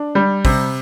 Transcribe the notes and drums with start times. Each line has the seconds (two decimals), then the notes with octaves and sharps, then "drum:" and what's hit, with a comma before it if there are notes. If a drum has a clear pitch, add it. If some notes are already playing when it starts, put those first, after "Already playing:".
Already playing: D4
0.15 G3
0.45 C3, drum: kick, open hi-hat